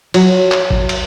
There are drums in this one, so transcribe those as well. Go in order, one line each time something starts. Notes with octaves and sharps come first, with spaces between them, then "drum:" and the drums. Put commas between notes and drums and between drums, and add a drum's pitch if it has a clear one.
F#3, drum: cymbal
drum: clap
drum: kick G#1
drum: cymbal